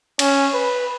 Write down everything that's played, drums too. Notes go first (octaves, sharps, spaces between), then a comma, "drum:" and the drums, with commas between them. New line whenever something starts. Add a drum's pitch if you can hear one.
C#4, drum: cymbal
B4